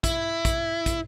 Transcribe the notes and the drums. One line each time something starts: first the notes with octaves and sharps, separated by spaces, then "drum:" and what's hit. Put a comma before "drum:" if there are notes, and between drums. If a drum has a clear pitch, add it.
E4, drum: kick, hi-hat
drum: kick, hi-hat
drum: kick, hi-hat